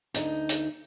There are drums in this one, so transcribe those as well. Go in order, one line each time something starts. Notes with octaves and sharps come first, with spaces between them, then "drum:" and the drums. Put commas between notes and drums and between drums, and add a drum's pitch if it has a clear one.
D2 D#4, drum: hi-hat
drum: hi-hat